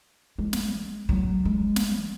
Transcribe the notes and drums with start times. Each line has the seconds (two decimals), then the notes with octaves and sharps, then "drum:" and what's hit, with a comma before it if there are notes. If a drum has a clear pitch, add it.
0.38 G#3
0.53 drum: snare
1.09 F#3 A3
1.45 G#3
1.76 drum: snare